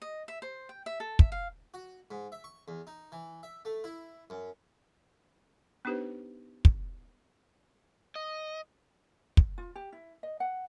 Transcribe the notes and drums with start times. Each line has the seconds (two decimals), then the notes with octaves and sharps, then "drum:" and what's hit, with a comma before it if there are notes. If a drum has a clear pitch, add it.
0.02 D#5
0.28 E5
0.42 C5
0.69 G5
0.86 E5
1.00 A4
1.19 E5, drum: kick
1.32 F5
1.74 F#4
2.11 G#2
2.32 E5
2.44 C#6
2.68 E2
2.87 D#4
3.12 E3
3.43 E5
3.65 A3
3.84 E4
4.30 F#2
5.85 B3 D4 D#4 G4 B4 C5
6.65 drum: kick
8.15 D#5
9.37 drum: kick
9.58 F4
9.76 G4
9.92 E4
10.23 D#5
10.40 F#5